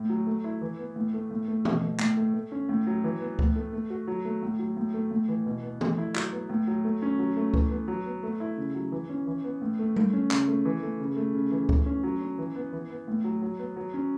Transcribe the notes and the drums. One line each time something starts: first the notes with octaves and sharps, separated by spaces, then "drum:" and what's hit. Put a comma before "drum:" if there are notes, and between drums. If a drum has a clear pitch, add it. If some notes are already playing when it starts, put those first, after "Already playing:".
Already playing: A2
F#3
A3
E4
E3
B3
A2
A3
A2
A3
B2, drum: tom
A3
A2, drum: clap
A3
A3
C#4
A2
F#3
E3
B3
A2, drum: kick C#2
A3
A3
F#4
F#3
A3
A2
F#3
A2
A3
A2
E3
B2
B3
A3, drum: tom
E4
F#3, drum: clap
B3
A2
F#3
A3
C#4
F#3
A3
E3, drum: kick C#2
B3
F#3
B3
A3
E4
C#3
F#3
E3
C#4
E3
B3
A2
A3
A3, drum: tom G3
C#4
C#3, drum: clap
A3
E3
A3
C#3
A3
C#3
E3
A3, drum: kick C#2
C#4
F#3
C#4
E3
B3
E3
B3
A2
F#3
F#3
B3
F#3
C#4